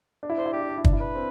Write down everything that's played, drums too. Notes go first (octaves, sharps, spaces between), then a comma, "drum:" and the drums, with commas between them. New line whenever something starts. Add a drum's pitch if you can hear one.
D4
E4
D4 C5
E4
D4 G4
E4
D4
E4
D4, drum: kick
E4
D4 B4
C4